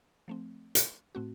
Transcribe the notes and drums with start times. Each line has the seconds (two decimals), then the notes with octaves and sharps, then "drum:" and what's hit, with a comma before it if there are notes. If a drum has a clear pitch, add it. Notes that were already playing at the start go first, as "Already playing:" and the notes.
0.28 F3 A3 C4
0.75 drum: hi-hat
1.15 A2 A3 C4 F#4